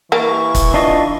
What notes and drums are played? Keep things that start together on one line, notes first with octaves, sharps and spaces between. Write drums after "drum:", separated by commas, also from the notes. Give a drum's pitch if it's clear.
E3 G3 A#3 C#6
drum: kick C#1, hi-hat
D4 F4 D#5